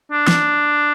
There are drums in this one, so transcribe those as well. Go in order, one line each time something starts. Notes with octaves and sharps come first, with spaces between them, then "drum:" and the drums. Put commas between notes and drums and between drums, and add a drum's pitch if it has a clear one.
D4
drum: snare